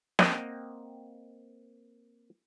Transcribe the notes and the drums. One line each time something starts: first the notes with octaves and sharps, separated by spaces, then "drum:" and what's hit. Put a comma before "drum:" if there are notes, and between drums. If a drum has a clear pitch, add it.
A#3 C4 D#5 F#5 G5, drum: snare